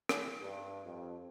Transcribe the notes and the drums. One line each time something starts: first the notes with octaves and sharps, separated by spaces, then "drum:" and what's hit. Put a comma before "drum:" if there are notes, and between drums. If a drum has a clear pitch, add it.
drum: rim click
G2
F2